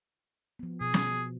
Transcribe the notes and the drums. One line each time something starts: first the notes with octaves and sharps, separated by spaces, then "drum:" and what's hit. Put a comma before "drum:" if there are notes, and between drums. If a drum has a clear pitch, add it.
F3 B3
B2 G#4
drum: snare